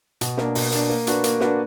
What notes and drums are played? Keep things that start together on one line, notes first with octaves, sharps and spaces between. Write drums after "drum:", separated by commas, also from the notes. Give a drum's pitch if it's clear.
B2, drum: hi-hat
A#3 D4, drum: snare
B2, drum: open hi-hat
A#3 D4, drum: hi-hat
A#3
D4 F#4 B4, drum: hi-hat
A#3, drum: hi-hat
D4 F#4 B4, drum: snare